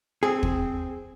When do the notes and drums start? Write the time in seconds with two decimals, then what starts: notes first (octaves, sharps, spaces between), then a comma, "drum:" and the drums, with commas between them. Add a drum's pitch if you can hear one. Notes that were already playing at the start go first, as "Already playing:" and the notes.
0.23 C4 G#4
0.43 drum: kick